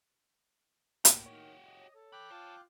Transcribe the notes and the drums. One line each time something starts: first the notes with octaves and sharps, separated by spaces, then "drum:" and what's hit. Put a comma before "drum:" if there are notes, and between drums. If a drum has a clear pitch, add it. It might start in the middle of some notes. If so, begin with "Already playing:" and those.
A2 A#3 F#4 G4, drum: hi-hat
D#3 C#5
D#5
A4
E3 G5 B5 D6 F#6
F4 C5 A5